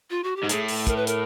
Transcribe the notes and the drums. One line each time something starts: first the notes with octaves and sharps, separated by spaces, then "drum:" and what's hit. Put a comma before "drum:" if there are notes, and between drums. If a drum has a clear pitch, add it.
F4
F#4
G4
G#2
A2 G#4, drum: hi-hat
drum: open hi-hat
A#4, drum: kick, hi-hat
B4
A#4, drum: hi-hat